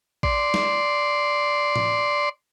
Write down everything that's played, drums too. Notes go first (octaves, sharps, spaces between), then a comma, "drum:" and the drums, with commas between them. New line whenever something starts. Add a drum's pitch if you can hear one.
D5 C6, drum: kick A1
drum: snare
drum: tom A2